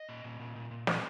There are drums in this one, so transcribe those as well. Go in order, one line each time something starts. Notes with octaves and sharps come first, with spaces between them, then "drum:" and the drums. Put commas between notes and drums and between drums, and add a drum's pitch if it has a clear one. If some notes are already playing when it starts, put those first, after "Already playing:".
Already playing: D#5
A#2
A#2
A#2
A#2
A#2
A#2, drum: snare